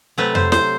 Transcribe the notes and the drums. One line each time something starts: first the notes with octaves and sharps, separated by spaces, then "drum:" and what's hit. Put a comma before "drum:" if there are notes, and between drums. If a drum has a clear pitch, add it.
C3 F#3 A3 B4
C5, drum: tom F2
C5, drum: snare